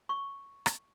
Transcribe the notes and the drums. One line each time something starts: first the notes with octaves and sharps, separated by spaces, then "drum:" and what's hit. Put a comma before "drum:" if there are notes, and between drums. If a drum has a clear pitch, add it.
C#6
drum: rim click